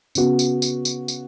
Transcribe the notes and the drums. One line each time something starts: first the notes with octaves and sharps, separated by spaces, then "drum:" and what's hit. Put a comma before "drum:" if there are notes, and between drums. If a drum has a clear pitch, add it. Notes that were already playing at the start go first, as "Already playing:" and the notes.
C#3 B3 F#4, drum: tambourine
drum: tambourine
drum: tambourine
drum: tambourine
drum: tambourine